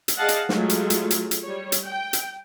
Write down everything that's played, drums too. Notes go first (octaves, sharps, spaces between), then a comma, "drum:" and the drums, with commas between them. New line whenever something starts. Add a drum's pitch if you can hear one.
drum: hi-hat
G#4 D5 D#5 F5 F#5 A5
drum: hi-hat
F#3 G#3 A3 F4, drum: snare
drum: hi-hat
drum: hi-hat
drum: hi-hat
drum: hi-hat
G3 C#5
drum: hi-hat
G5
drum: hi-hat